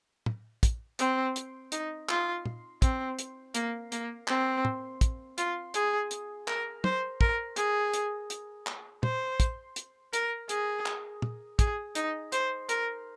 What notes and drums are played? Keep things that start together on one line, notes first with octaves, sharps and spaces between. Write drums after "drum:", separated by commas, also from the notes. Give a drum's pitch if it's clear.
drum: tom
drum: kick, hi-hat
C4, drum: hi-hat
drum: hi-hat
D#4, drum: hi-hat
F4, drum: clap
drum: tom
C4, drum: kick, hi-hat
drum: hi-hat
A#3, drum: hi-hat
A#3, drum: hi-hat
C4, drum: clap
drum: tom
drum: kick, hi-hat
F4, drum: hi-hat
G#4, drum: hi-hat
drum: hi-hat
A#4, drum: clap
C5, drum: tom
A#4, drum: kick
G#4, drum: hi-hat
drum: hi-hat
drum: hi-hat
drum: clap
C5, drum: tom
drum: kick, hi-hat
drum: hi-hat
A#4, drum: hi-hat
G#4, drum: hi-hat
drum: clap
drum: tom
G#4, drum: kick, hi-hat
D#4, drum: hi-hat
C5, drum: hi-hat
A#4, drum: hi-hat